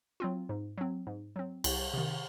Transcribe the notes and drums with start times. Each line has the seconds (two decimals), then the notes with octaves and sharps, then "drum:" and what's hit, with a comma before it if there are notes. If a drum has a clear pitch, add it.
0.20 F#3 C4 F4
0.49 G#2
0.78 F#3 C4
1.07 G#2
1.36 F#3 C4
1.64 C2, drum: cymbal
1.94 C3 D#3